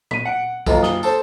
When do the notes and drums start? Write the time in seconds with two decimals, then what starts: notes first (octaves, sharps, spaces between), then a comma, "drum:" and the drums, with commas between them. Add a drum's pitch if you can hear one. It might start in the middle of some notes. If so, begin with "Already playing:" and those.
0.11 B6 D#7, drum: tom
0.25 F#5 C#7 D7
0.40 D7
0.66 F#1 F4 A4 D#5 A#5, drum: kick, tambourine
0.83 D#6 G7, drum: snare
1.03 A4 C5, drum: tambourine